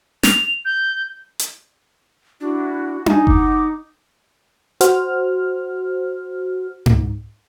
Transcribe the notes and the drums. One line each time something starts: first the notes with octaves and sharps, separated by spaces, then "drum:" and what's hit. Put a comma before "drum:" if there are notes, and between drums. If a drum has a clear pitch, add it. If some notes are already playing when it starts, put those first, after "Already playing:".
F7, drum: snare
G6
drum: hi-hat
D4 E4 F#4
D#4 G#5, drum: tom D4
F#5 D6, drum: kick F#1
F#4 C5 F6, drum: hi-hat
drum: tom G#2